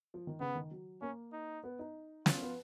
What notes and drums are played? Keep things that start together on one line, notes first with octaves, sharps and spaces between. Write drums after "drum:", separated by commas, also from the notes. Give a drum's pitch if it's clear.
F3
D#3
C#3 B3
D#3
F#3
A#3 C#4
D#4
B3
D#4
C#4 F4, drum: snare
B3